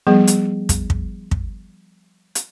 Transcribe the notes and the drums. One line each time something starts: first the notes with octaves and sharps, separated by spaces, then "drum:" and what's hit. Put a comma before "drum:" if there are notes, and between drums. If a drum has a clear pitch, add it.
F3 G3 B3 G#4
drum: hi-hat
drum: kick, hi-hat
drum: kick
drum: kick
drum: hi-hat